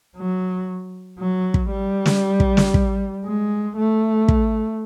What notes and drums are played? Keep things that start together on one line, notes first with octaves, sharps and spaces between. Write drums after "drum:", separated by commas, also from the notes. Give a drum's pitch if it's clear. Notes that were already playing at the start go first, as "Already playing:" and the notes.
F#3
F#3
drum: kick
G3
drum: snare
drum: kick
drum: snare
drum: kick
G#3
A3
drum: kick